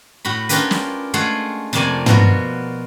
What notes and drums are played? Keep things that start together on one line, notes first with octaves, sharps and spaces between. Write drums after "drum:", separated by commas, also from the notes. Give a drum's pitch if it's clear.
A2 F#4 B5
C#4 D4 F4 G4 A#4 B4, drum: hi-hat
drum: snare
G#3 A3 F4 G#4 F#5
F2 C3 A3 A#3 D5 G#5
B2 F3 A#3 B3 F#4 A#4, drum: tom